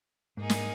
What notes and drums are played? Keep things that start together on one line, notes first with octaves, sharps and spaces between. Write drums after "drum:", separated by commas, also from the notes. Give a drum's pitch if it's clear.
G#2 A#3 D#4 G#4
drum: snare